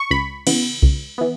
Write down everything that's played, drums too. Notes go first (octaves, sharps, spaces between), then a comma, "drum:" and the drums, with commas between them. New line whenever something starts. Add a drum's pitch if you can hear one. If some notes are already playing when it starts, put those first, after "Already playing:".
Already playing: C#6
C#2 B5
C#3 E3 B3, drum: cymbal
C#2, drum: kick B1
E3 B3